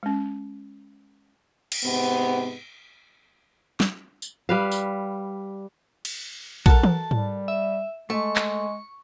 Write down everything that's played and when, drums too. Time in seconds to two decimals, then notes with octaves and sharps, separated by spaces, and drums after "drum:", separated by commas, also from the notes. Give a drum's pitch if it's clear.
0.03 G#3 C#4
1.72 drum: cymbal
1.84 G#2 C3 B3
3.80 drum: snare
4.22 drum: tambourine
4.49 G3 B4 F5
4.71 drum: tambourine
6.05 drum: cymbal
6.66 F#3 F#4 A4 A#4 A5, drum: kick A#1
6.83 drum: tom E3
7.11 G3, drum: tom G#2
7.48 E5
8.10 G#3 A3 C#6
8.36 drum: clap